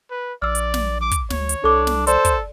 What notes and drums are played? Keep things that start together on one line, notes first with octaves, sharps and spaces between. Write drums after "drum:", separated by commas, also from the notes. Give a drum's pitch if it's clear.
B4
A#1 D5 E6 F6
drum: hi-hat
drum: snare
D6
drum: kick, hi-hat
D2 C#5, drum: snare
drum: hi-hat
C2 D4 A4 D6
drum: snare
A4 C5 D5 C6, drum: hi-hat
drum: kick, hi-hat